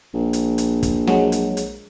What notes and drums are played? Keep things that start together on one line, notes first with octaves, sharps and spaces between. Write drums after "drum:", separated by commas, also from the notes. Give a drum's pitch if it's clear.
A#1
drum: hi-hat
drum: hi-hat
drum: kick, hi-hat
F#3 G#3, drum: snare
drum: hi-hat
drum: hi-hat